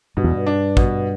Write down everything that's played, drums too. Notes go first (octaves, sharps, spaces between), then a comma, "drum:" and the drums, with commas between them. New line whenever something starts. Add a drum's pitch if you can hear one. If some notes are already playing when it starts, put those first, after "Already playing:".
G2 B2
E2
G2
D4
B2, drum: kick